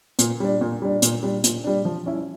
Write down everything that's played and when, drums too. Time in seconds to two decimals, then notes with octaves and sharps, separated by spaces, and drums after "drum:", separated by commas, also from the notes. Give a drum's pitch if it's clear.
0.19 A#2, drum: hi-hat
0.40 G3 D4
0.61 A#2
0.82 G3 D4
1.02 A#2, drum: hi-hat
1.23 G3 D4
1.44 A#2, drum: hi-hat
1.64 G3 D4
1.85 F3
2.06 C#4 E4